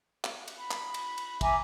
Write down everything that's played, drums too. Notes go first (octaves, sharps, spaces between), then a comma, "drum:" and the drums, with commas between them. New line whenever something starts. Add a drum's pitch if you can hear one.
drum: clap
drum: cymbal
B5
drum: clap
drum: cymbal
drum: cymbal
E5 G#5 A#5 D6, drum: kick, cymbal